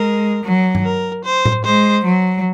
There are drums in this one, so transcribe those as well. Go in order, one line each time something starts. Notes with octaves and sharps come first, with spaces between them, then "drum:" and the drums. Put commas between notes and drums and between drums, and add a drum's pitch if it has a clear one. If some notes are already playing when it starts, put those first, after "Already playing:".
Already playing: G#3 A#4
F#3
drum: tom G2
A#4
C5
drum: tom A2
G#3 C5
F#3